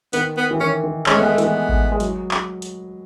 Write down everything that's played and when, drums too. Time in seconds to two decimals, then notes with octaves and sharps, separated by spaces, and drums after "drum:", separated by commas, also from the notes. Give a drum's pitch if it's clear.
0.13 D#3 B3, drum: hi-hat
0.37 B3
0.51 E3
0.60 D#3 C#4
0.84 D#3
1.06 G#3 C#4, drum: clap
1.15 A3
1.19 G#3 B3
1.32 A3
1.38 E3, drum: hi-hat
1.44 B3
1.69 drum: kick G#1
1.92 G#3
2.00 F#3, drum: hi-hat
2.31 drum: clap
2.62 drum: hi-hat